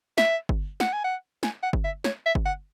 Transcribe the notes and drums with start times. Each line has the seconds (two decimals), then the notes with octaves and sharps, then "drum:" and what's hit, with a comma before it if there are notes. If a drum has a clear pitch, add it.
0.18 E5, drum: snare
0.49 drum: kick G1
0.80 F#5, drum: snare
0.93 G#5
1.04 F#5
1.43 G#5, drum: snare
1.63 F#5
1.73 drum: kick G1
1.84 E5
2.04 C#5, drum: snare
2.26 E5
2.35 drum: kick G1
2.45 F#5